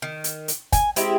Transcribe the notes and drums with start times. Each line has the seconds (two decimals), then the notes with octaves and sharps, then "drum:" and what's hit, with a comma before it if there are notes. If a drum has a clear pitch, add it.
0.02 D#3
0.24 drum: hi-hat
0.48 drum: hi-hat
0.73 G#5, drum: kick, hi-hat
0.96 G#3 C4 E4 G4, drum: hi-hat